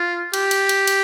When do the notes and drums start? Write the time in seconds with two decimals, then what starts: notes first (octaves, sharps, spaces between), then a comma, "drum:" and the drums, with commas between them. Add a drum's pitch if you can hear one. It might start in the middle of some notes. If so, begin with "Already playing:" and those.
Already playing: F4
0.34 G4, drum: cymbal
0.51 drum: cymbal
0.69 drum: cymbal
0.87 drum: cymbal